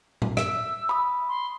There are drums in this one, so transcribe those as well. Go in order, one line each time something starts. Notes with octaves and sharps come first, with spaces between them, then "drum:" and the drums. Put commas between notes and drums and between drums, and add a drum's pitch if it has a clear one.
drum: tom A#2
E5 E6, drum: rim click
B5 D#6
C6